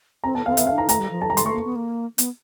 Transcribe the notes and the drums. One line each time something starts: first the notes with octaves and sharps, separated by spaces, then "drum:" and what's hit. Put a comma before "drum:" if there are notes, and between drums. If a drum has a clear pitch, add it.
C4 A#5
B3 A5
B3 F5
C4
B3 E5, drum: hi-hat
C4 F5
D4
D#4 A#5
A3 A#5, drum: hi-hat
G3
F3
F#3 A5
A#5
G3
C6, drum: hi-hat
A3 C#6
A#3
B3
A#3
B3, drum: hi-hat